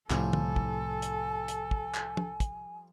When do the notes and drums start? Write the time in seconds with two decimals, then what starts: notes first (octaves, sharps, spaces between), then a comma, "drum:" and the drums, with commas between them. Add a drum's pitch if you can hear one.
0.10 C2 F2 A2 F3 G3 A4 G#5, drum: clap
0.33 drum: tom
0.56 drum: kick
1.02 drum: hi-hat
1.48 drum: hi-hat
1.71 drum: kick
1.94 drum: clap
2.17 drum: tom
2.40 drum: kick, hi-hat